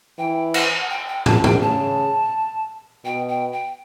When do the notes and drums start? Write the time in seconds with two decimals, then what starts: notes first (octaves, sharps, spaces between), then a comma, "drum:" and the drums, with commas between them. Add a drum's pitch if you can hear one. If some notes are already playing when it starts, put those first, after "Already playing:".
0.18 E3 G5
0.54 F#5, drum: cymbal
0.90 G5
1.08 G5
1.26 A5, drum: tom
1.44 G5, drum: tom
1.61 C#3 A5
3.05 B2 G5
3.29 G5
3.52 G5